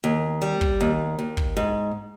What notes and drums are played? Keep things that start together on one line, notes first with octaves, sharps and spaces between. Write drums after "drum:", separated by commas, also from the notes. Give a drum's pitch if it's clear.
D#2
G3
drum: kick
D#2
D#2
drum: kick
G#2